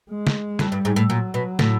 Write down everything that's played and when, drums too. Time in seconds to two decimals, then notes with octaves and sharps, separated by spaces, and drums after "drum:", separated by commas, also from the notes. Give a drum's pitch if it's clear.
0.09 G#3
0.27 drum: snare
0.59 F2 G3, drum: snare
0.72 G2
0.85 G#2
0.96 A2
1.10 A#2 F#3
1.34 B2
1.59 A2, drum: snare